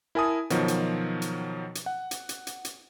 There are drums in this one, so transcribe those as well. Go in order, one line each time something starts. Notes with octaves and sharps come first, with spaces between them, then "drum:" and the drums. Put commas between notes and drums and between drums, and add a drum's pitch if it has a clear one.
E4 A#4 G#5 A5 D#6
B2 D#3 F3 F#3, drum: hi-hat
drum: hi-hat
drum: hi-hat
drum: hi-hat
F#5
drum: hi-hat
drum: hi-hat
drum: hi-hat
drum: hi-hat